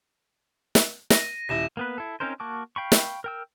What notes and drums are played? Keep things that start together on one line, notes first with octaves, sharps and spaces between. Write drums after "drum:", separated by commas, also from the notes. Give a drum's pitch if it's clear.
drum: snare
A#6 D#7, drum: snare
D#1 E4 A#6 E7
A#3 B3 B4
E4 A4
C4 C#4 D#4 A#4 C5
A#3 F#4 A5 C#6 D6
F5 G5 B5 C#6
drum: snare
A#4 G5 E6